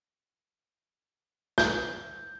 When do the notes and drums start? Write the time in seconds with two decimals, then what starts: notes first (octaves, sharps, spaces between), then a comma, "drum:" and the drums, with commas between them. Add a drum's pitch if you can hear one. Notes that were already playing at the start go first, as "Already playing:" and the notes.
1.58 G6, drum: snare